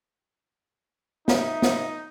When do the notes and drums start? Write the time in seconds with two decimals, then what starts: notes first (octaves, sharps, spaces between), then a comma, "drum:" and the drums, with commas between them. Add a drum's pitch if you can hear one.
1.28 D#4 E5, drum: snare
1.62 drum: snare